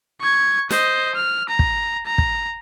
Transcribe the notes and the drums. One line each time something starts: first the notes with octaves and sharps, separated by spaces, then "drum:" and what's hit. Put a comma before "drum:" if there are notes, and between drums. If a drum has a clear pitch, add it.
C#6 G#6
C5 D#5, drum: snare
F6
A#5
drum: kick
A#5
drum: kick